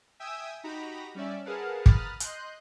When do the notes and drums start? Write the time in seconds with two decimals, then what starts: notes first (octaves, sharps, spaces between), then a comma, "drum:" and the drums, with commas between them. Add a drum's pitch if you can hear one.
0.20 E5 G5 G#5 D#6 E6
0.64 D#4 F#4 G4 A#5 B5
1.15 G3 C#4 D5 E5
1.45 G#4 A#4 B4 F5 F#5 A5
1.86 A#5 B5 D#6 F6 F#6 A6, drum: kick
2.20 D#5 C6 F#6 G6, drum: hi-hat